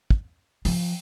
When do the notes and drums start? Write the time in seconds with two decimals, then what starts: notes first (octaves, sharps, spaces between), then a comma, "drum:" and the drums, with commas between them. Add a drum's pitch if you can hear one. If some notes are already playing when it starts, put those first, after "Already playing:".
0.10 drum: kick
0.65 F3, drum: open hi-hat